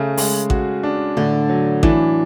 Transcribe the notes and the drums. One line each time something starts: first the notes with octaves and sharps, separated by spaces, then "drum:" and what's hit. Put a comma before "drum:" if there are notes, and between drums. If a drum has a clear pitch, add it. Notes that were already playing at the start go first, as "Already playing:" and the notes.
Already playing: C#3 A3
G#3, drum: open hi-hat
F#4, drum: kick A1
D4
A2 D3
F#3
E3 D4, drum: kick A1